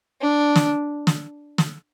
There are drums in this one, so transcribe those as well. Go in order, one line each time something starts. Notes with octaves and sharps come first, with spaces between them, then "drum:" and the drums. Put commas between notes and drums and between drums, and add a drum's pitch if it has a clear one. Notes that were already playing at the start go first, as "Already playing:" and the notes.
D4
drum: snare
drum: snare
drum: snare